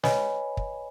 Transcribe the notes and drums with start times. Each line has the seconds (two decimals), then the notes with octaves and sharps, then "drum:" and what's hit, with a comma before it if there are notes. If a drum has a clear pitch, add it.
0.03 B4 C#5 D#5 G#5 B5, drum: snare
0.57 drum: kick